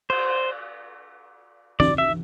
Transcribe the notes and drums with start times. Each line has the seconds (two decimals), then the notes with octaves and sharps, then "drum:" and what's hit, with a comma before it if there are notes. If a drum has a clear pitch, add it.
0.10 C5, drum: cymbal
1.80 D5, drum: tom E3
1.98 E5